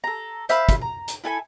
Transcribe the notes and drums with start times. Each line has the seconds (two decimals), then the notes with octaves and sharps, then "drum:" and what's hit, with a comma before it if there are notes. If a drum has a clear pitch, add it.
0.04 A4 A#5
0.49 C5 E5 F5 B5, drum: hi-hat
0.69 drum: kick, hi-hat
0.81 A#5
1.08 drum: hi-hat
1.24 E4 A4 G#5 B5